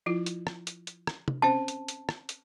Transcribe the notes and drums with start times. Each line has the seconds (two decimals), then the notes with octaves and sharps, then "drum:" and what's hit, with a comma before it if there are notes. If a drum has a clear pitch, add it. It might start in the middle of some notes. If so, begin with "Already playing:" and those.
0.06 F3 E4 F4
0.26 drum: hi-hat
0.47 drum: rim click
0.67 drum: hi-hat
0.87 drum: hi-hat
1.07 drum: rim click
1.28 drum: tom
1.42 C4 C#4 C5 A5
1.68 drum: hi-hat
1.88 drum: hi-hat
2.09 drum: rim click
2.29 drum: hi-hat